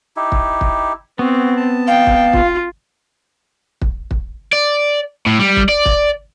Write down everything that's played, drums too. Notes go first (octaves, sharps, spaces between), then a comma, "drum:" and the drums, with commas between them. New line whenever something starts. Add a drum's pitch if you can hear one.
D#4 E4 G4
drum: kick
drum: kick
B3 C4 F#4
A5
F5 G5
drum: kick
F4, drum: kick
drum: kick
drum: kick
D5
A2
G3
drum: kick
D5
drum: kick